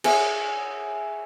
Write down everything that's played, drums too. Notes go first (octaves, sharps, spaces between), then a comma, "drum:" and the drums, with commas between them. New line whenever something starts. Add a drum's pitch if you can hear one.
G#4 C#5 E5 F#5, drum: cymbal